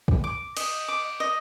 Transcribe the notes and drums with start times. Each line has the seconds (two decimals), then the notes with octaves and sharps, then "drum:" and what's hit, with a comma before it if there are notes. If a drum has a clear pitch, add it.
0.08 drum: kick
0.24 D6
0.57 D#5, drum: cymbal
0.88 D6
1.20 D#5